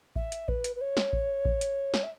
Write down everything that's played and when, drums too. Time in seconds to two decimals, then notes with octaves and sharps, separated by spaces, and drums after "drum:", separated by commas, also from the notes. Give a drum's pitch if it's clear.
0.16 E5, drum: kick A1
0.32 drum: hi-hat
0.48 B4, drum: kick A1
0.64 drum: hi-hat
0.76 B4
0.81 C#5
0.97 drum: snare
1.13 drum: kick A1
1.45 drum: kick A1
1.61 drum: hi-hat
1.94 drum: snare
2.03 E5